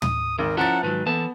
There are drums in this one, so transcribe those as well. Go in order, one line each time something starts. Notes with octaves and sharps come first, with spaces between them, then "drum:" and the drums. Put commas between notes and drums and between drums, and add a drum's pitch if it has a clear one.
D#6, drum: tom
G#1 D#3 A#4
F3 C#4 E4 A#4 F#5 A6
G#2 D#3 F#3 B4
E3 B3 A4 A5